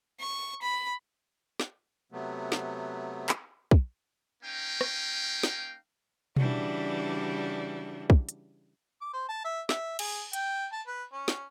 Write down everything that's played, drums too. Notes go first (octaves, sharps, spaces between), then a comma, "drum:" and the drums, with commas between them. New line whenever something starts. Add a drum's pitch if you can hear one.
C#6
B5
drum: snare
C3 F#3 A3 B3
drum: snare
drum: clap
drum: kick
A#3 C#4 D#4 F5 G5
drum: rim click
drum: snare
C#3 E3 G3 D4 F#4, drum: tom B2
drum: kick
drum: hi-hat
D6
C5
A5
E5
E5, drum: snare
G#4, drum: cymbal
G5, drum: hi-hat
A5
B4
C#4
drum: snare